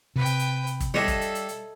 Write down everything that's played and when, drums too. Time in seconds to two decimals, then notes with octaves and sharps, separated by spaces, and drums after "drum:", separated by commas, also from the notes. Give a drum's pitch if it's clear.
0.16 C3 B4 G5
0.26 drum: hi-hat
0.39 drum: hi-hat
0.67 drum: hi-hat
0.80 drum: kick, hi-hat
0.94 G3 D4 A4 C#5 D#5 E5
1.08 drum: kick, hi-hat
1.21 drum: hi-hat
1.35 drum: hi-hat
1.49 drum: hi-hat